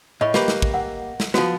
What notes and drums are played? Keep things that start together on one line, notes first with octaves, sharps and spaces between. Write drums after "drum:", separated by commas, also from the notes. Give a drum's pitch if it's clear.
A2 D#5 B5 C#6
A#3 G4 B4, drum: snare
drum: snare
drum: kick
F#5
drum: snare
F3 B3 F#4, drum: snare